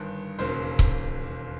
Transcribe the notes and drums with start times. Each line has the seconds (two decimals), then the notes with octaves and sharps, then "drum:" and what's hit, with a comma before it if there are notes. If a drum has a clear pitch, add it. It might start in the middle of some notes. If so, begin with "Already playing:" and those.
Already playing: G1 G2 D#3
0.39 E1 D#2 C#3 F#3 A#3 C5
0.79 drum: kick C#1